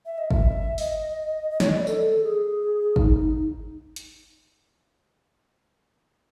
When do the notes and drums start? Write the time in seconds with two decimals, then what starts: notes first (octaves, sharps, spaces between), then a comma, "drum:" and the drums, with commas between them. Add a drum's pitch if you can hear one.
0.05 E5
0.18 D#5
0.31 E5, drum: kick
0.78 D#5, drum: open hi-hat
1.51 D#5
1.60 C#5, drum: snare
1.68 D#5
1.77 D5
1.87 A4, drum: tambourine
2.23 G#4
2.96 D#4, drum: kick
3.96 drum: hi-hat